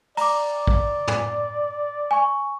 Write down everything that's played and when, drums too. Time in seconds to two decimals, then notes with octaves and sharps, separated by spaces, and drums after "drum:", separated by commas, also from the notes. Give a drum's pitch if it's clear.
0.17 D5 A#5 D6, drum: open hi-hat
0.67 drum: kick
1.07 drum: tom
2.11 G#5 C#6